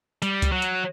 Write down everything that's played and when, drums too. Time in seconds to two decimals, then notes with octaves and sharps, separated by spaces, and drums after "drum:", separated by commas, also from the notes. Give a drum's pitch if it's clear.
0.22 G3, drum: hi-hat
0.42 drum: kick C#2, hi-hat
0.52 F#3
0.62 drum: hi-hat